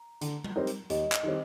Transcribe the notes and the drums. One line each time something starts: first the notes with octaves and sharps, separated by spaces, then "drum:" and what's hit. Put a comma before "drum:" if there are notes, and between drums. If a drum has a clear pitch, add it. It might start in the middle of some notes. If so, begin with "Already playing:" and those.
Already playing: A#5
D3, drum: hi-hat
drum: tom G3
G3 C4 D#4 A#4
drum: hi-hat
D#2 D#5, drum: hi-hat
drum: clap
D#3 G3 C4